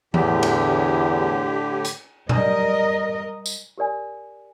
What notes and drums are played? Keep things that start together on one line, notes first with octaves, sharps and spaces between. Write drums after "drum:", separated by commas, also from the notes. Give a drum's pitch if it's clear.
E2 A2 D3 G4, drum: tom E3
drum: cymbal
drum: hi-hat
G3 A#4 D#5, drum: tom A#2
drum: tambourine
G4 A#4 D5 G#5